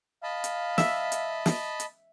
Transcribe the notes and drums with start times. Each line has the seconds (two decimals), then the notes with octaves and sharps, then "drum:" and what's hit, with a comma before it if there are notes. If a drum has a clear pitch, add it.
0.23 D#5 F5 A5 B5
0.44 drum: hi-hat
0.78 E5, drum: snare
1.12 drum: hi-hat
1.46 drum: snare
1.80 drum: hi-hat